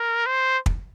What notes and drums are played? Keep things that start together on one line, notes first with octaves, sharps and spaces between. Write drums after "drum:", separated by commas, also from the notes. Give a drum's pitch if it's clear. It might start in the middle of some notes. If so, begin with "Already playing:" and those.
Already playing: A#4
C5
drum: kick